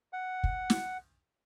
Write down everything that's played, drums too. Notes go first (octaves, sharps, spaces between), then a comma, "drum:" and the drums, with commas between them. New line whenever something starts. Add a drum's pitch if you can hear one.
F#5
drum: kick
drum: snare